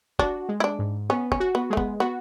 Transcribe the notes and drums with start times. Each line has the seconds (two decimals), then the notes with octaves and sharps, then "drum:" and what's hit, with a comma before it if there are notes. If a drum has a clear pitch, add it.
0.19 D4 F#4, drum: kick
0.49 G#3
0.60 E4
0.64 D4
0.79 G#2
1.10 B3 C#4
1.32 C#4, drum: kick
1.40 F#4
1.55 B3
1.70 G#3 A3
1.77 B3, drum: kick
2.00 B3 F#4